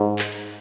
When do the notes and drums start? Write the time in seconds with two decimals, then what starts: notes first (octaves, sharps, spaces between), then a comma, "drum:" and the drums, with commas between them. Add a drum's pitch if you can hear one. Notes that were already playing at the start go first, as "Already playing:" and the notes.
Already playing: G#2
0.19 drum: clap
0.32 drum: open hi-hat